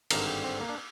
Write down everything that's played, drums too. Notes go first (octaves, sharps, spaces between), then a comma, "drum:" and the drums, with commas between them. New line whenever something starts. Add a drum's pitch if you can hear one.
G#1 G2 D3 A#4, drum: cymbal
G4
C4
A#3
D4